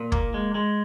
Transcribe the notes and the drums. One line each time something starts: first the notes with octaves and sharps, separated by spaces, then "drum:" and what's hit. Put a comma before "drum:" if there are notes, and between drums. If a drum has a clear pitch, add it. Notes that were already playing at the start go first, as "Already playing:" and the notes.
Already playing: A#2
A#3, drum: kick
G#3
G#3